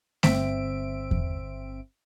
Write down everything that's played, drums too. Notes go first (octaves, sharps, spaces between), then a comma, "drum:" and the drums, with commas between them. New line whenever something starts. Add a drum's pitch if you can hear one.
G1 C4 E5 D7, drum: snare A3
drum: kick E2